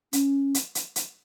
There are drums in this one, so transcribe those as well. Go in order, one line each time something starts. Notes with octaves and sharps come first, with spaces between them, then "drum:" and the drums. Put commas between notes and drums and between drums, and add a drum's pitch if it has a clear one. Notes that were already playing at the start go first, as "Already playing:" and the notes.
C#4, drum: hi-hat
drum: hi-hat
drum: hi-hat
drum: hi-hat